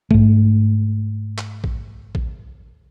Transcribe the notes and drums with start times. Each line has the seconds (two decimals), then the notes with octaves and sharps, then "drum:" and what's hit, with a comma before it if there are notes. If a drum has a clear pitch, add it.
0.11 G#2 A3, drum: kick A1
1.38 drum: clap
1.64 drum: kick A1
2.15 drum: kick A1